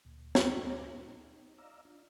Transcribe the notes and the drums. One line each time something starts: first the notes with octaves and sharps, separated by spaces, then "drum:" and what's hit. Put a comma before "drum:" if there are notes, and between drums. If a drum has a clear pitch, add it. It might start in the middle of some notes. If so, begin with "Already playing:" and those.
D2 A#2
drum: snare
D2 A#2 B4 D6 A#6
D#4
D5 D#5 F5 A#5 E6
D4 F4